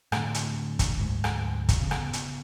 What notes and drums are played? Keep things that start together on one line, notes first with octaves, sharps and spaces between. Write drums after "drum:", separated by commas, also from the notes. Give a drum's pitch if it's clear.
A2 D3, drum: rim click
drum: hi-hat
drum: kick, hi-hat
D2 G#2 G#3
drum: rim click
drum: kick, hi-hat
C#3 B3
drum: rim click
drum: hi-hat